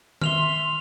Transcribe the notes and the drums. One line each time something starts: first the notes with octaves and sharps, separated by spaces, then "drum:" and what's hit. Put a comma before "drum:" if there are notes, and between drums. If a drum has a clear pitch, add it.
E5 C6 F6 F7 G7, drum: tom D#3